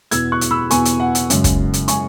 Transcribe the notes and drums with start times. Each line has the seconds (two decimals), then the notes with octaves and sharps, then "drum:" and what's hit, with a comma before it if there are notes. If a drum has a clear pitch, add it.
0.11 E2 B2 B3 E6 G#6, drum: hi-hat
0.32 C#6 F#6
0.41 drum: hi-hat
0.51 B5 E6
0.71 E2 B2 B3 G#5 C#6, drum: hi-hat
0.85 drum: hi-hat
1.00 F#5
1.15 drum: hi-hat
1.30 F#2 C#3 G#3, drum: hi-hat
1.44 drum: kick, hi-hat
1.74 drum: hi-hat
1.88 C#3 G#3 G#5 C#6, drum: hi-hat